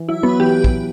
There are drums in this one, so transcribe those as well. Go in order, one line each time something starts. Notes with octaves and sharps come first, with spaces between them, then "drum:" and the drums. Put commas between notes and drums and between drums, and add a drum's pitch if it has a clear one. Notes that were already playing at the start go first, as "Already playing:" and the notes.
Already playing: E3
F#3 E4
F#3 B3
E3 G4
drum: kick